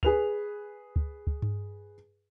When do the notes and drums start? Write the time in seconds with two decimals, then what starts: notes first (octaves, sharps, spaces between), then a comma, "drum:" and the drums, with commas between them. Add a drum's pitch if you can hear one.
0.03 G#4 B4 F7, drum: kick
0.96 drum: kick
1.27 drum: kick
1.42 drum: tom G2